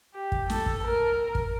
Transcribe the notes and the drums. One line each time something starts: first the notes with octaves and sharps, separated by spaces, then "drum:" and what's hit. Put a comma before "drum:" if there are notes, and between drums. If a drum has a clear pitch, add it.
G4
drum: kick
A4, drum: snare
drum: kick
A#4
drum: kick